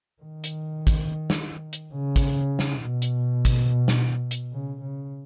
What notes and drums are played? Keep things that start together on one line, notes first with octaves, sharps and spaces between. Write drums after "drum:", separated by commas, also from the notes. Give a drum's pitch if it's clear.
D#3
drum: hi-hat
drum: kick, hi-hat
drum: snare
drum: hi-hat
C#3
drum: kick, hi-hat
drum: snare
B2
drum: hi-hat
drum: kick, hi-hat
drum: snare
drum: hi-hat
C#3
C#3